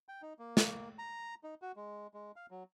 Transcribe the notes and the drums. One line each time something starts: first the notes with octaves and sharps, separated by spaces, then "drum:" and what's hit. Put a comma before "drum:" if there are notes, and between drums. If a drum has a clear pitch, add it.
G5
D#4
A#3
drum: snare
A#5
D#4
F#4
G#3
G#3
F5
F#3